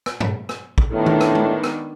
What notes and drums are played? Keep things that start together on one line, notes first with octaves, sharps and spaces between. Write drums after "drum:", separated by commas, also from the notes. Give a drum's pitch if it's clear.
drum: rim click
drum: tom G2
drum: rim click
drum: kick
A2 D#3 B3 D4
drum: tom D#3
drum: rim click
drum: tom G#3
drum: rim click